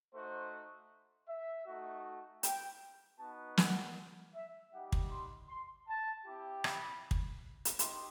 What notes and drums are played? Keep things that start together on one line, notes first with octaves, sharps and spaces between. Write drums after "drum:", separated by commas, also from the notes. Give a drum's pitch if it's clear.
A3 D#4 F#4 C5
E5
A3 D#4 F#4
G5, drum: hi-hat
B3 D#4 F#4 A5
F#5, drum: snare
E5
G3 D#4 G4 F#5
drum: kick
C6
C6
A5
C4 E4 G4
B5, drum: rim click
drum: kick
drum: hi-hat
D#4 G4 C6, drum: hi-hat